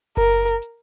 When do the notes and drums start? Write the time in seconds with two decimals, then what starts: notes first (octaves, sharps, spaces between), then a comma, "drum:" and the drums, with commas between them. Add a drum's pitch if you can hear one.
0.17 A#4, drum: kick F#1, hi-hat
0.32 drum: hi-hat
0.47 drum: hi-hat
0.62 drum: hi-hat